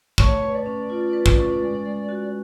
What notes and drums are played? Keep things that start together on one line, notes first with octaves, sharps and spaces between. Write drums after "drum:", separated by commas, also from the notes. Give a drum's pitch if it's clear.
A3 C#5, drum: kick
B4
D5
C#4
F4
B4
drum: kick
C#4
G#3
G#3
F#4